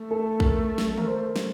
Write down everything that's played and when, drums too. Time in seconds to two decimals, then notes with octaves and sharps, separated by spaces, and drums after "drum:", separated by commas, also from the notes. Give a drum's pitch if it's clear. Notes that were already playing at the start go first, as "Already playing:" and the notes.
Already playing: A3
0.11 A4
0.40 A#4, drum: kick
0.78 drum: snare
0.97 A#4, drum: tom D#3
1.07 C5
1.16 A#4
1.36 drum: snare